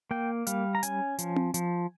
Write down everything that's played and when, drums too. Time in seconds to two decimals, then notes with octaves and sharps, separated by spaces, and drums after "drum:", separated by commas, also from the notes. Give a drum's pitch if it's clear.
0.11 A#3 G5
0.47 G3 F5, drum: hi-hat
0.75 A#5
0.83 C#4 G#5, drum: hi-hat
1.19 F3, drum: hi-hat
1.36 drum: tom C4
1.54 F3, drum: hi-hat